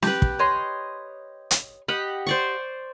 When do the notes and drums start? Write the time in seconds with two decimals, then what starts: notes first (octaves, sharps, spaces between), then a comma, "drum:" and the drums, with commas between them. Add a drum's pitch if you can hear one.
0.02 G4 B4, drum: snare
0.22 drum: kick
0.39 C#5 D#5 C6
1.51 drum: hi-hat
1.88 G4 D#5 F#5 B5
2.27 C5 D5 C#6